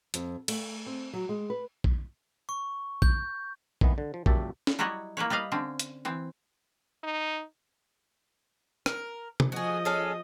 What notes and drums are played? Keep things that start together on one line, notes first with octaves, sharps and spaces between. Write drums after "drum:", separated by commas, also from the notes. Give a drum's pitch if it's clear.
F2, drum: hi-hat
A3, drum: cymbal
C4
F#3
G#3
B4
drum: kick A#1
C#6
G6, drum: kick A#1
G#1 D#3 E3 B3, drum: kick A#1
D3
F3
C#2 F#2 A#2 G4 E5 A5, drum: kick A#1
drum: snare C#4
F#3 G3 E4 F#4 C#5 D#5
A#3 E4 B4 C#5
G3 B4 D#5 F5
D3 C4 C#4
drum: hi-hat
E3 C4
D#4
A#4, drum: rim click
drum: tom
F3 F#4 G#4 D#5
C#4 G#4 A4